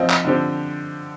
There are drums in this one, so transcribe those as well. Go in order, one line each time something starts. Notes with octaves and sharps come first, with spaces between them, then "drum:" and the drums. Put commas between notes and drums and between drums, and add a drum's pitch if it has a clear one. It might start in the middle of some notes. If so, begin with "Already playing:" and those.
Already playing: F3 C4 F4 C5 D#5
drum: clap
D3 F3 C4 G4 C5